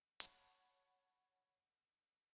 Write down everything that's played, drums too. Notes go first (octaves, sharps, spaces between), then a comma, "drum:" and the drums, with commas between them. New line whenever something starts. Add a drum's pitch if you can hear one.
C#5 F#5 A5 B5, drum: hi-hat